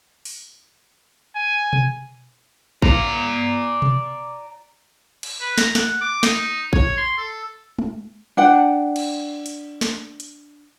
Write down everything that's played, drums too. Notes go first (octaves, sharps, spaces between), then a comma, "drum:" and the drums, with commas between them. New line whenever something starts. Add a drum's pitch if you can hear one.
drum: open hi-hat
G#5
drum: tom B2
D5 A#5, drum: kick A1
drum: tom B2
drum: cymbal
B4
A#5, drum: snare
F#5, drum: snare
D6
D#4, drum: snare
C#5, drum: kick A1
C6
A4
drum: tom
D4 F#5 G5
drum: cymbal
drum: hi-hat
drum: snare
drum: hi-hat